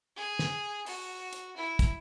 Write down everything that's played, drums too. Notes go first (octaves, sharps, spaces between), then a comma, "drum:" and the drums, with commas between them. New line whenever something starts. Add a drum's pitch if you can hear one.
G#4
drum: snare
F#4, drum: open hi-hat
drum: hi-hat
E4
drum: kick, hi-hat